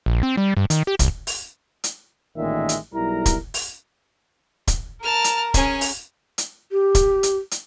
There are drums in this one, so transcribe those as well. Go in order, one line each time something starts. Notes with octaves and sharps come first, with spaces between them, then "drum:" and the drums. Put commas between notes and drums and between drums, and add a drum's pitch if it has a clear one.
A#1
C4
G3
G2
D#3, drum: hi-hat
G4
C2, drum: kick, hi-hat
drum: open hi-hat
drum: hi-hat
A1 A#2 D#3 G#3 E5
drum: hi-hat
B1 G3 E4 A#4 A#5
drum: kick, hi-hat
drum: open hi-hat
drum: kick, hi-hat
A#4 A5 F6
drum: hi-hat
C#4 G#4, drum: kick, hi-hat
drum: open hi-hat
drum: hi-hat
G4
drum: kick, hi-hat
drum: hi-hat
drum: hi-hat